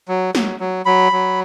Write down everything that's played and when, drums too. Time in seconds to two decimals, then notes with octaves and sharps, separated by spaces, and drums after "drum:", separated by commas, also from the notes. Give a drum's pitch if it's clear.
0.08 F#3
0.35 F#3, drum: snare
0.60 F#3
0.86 F#3 B5
1.12 F#3